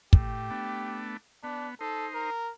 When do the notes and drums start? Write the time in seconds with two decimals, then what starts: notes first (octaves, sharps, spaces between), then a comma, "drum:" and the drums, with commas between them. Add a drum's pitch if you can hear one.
0.13 A2 G4, drum: kick
0.50 A3 B3 D4
1.44 B3 D4
1.81 D#4 A4 C5
2.14 A#4